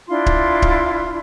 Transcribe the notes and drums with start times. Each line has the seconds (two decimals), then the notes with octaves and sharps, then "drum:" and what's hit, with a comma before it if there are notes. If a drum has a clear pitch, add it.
0.08 D4 E4 F4 C6
0.26 drum: kick D1
0.62 drum: kick D1